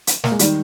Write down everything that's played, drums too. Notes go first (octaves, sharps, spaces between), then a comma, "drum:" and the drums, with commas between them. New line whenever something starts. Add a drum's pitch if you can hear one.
drum: hi-hat
A#3, drum: snare
G#3
D#3 G3, drum: hi-hat